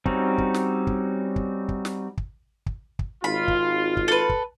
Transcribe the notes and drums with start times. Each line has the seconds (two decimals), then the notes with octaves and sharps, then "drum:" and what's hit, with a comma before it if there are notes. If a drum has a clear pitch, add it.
0.06 G3 C4 C#4 D#4 F#4, drum: kick
0.38 drum: kick
0.54 drum: snare
0.87 drum: kick
1.36 drum: kick
1.69 drum: kick
1.85 drum: snare
2.17 drum: kick
2.66 drum: kick
2.99 drum: kick
3.24 G#1 F4 B5
3.48 drum: kick
3.97 drum: kick
4.08 A4 B4
4.29 drum: kick